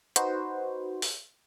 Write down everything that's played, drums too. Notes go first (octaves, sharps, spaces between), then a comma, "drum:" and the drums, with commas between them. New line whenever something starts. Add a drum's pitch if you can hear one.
D#4 F#4 B4 C5, drum: hi-hat
drum: open hi-hat